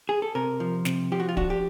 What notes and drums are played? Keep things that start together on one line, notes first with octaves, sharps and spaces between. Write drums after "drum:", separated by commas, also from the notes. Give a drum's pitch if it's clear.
G#4
A4
C3 A#4
F3
C3, drum: snare
F3 G4
F#4
F4
D4 F#4, drum: kick D1
G4